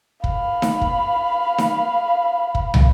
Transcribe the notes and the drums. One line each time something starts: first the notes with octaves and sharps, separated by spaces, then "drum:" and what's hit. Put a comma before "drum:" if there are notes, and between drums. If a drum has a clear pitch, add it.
F5 B5, drum: kick
drum: snare D#4
drum: kick
drum: snare D#4
drum: kick
drum: tom